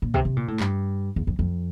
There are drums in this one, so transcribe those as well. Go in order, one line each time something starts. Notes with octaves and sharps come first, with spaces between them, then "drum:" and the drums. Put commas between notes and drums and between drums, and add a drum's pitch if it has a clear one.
A#2
C3, drum: kick
C3
A#2
A2
G2, drum: clap
E2
F2
F2